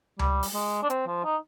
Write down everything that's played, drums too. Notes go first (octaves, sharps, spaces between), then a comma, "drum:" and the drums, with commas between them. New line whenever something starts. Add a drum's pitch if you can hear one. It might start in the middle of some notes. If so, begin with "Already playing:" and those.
G3, drum: tom C#2
drum: open hi-hat
G#3
D4
C4, drum: hi-hat
F3
D#4